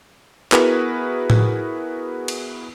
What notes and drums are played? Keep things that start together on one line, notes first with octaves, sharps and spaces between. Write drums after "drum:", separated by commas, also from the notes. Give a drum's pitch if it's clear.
B3 E4 F#4 G#4 A#4 B4, drum: clap
drum: tom A2
drum: cymbal